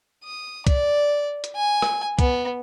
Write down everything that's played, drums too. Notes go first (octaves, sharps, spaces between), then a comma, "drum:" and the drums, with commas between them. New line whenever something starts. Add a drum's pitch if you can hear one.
D#6
D5, drum: kick C2, hi-hat
drum: hi-hat
G#5
drum: rim click
B3, drum: kick C2, hi-hat